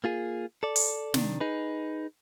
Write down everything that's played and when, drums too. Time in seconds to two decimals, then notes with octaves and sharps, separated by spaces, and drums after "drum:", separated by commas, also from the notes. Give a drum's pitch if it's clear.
0.04 A#3 F4 G#4
0.63 A4 D5
0.76 drum: open hi-hat
1.14 C3 D#3 D4, drum: snare
1.40 D#4 G#4 B4